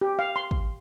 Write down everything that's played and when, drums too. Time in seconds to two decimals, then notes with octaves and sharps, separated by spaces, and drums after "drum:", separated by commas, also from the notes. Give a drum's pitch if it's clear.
0.01 G4
0.19 F5
0.36 C6
0.51 drum: kick